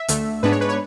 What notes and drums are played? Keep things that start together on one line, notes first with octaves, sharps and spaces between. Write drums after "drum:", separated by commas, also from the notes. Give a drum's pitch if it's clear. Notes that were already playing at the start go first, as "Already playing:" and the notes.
Already playing: E5
D2 D3 A3, drum: hi-hat
G#2 G#3 B3 D4 B4
C#5
B4
C#5